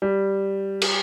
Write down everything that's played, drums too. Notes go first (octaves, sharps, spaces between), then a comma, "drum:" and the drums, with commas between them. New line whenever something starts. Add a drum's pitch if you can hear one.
G3
drum: cymbal